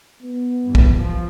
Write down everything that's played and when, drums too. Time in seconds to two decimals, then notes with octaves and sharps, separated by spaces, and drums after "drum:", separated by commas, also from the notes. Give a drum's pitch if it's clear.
0.22 B3
0.66 G2 E3
0.75 drum: kick
0.97 F3